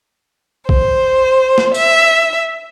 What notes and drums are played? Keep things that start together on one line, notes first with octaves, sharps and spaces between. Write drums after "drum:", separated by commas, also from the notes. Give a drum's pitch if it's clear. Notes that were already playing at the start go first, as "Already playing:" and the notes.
C5, drum: kick A#1
drum: snare
E5, drum: tambourine